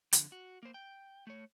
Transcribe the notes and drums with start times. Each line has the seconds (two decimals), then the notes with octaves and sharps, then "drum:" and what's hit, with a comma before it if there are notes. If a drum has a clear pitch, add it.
0.13 F2 D3, drum: hi-hat
0.32 F#4
0.63 A#3 C5
0.74 G5
1.27 A3 C#5